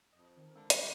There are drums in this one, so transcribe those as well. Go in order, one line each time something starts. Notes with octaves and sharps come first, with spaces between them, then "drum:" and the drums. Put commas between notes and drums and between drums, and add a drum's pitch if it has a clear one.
F2 D#5
D#3 C4 A#4
D3 G#3
D#2 F#3 G3 C4 C5, drum: hi-hat